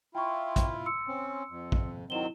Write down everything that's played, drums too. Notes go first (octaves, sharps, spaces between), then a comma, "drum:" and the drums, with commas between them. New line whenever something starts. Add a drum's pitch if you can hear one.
E4 F4 G5 C#6
drum: kick A#1, hi-hat
C6 E6 C#7
C4 C#4
F2
drum: kick A#1
D#3 F#3 C4 E4 E7 G7